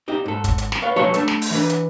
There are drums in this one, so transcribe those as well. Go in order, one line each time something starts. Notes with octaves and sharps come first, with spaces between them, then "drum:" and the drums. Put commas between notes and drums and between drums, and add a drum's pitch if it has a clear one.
C4 D#4 G4
G#2 A4
drum: kick, hi-hat
drum: hi-hat
drum: snare
B4 C#5 F5
F3 F#3 G#3 A4 B4 C#5
A3 D4 A4, drum: hi-hat
drum: snare
drum: open hi-hat
E3 D4 B4
drum: hi-hat